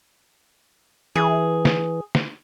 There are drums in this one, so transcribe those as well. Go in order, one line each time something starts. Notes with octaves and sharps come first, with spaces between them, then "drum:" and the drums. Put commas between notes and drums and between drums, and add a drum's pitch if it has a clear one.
E3 G#4
drum: snare
drum: snare